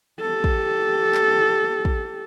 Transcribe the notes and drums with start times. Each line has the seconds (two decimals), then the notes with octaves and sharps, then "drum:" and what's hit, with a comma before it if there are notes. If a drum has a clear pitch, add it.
0.21 G4 A4
0.44 drum: kick
1.15 drum: clap
1.85 drum: kick